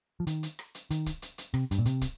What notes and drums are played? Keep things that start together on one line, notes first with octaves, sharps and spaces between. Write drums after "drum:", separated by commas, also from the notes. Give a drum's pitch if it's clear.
F3
D#3, drum: hi-hat
drum: hi-hat
drum: rim click
drum: hi-hat
D#3, drum: hi-hat
drum: kick, hi-hat
drum: hi-hat
drum: hi-hat
C3, drum: rim click
G2, drum: hi-hat
A#2
C3, drum: hi-hat
drum: kick, hi-hat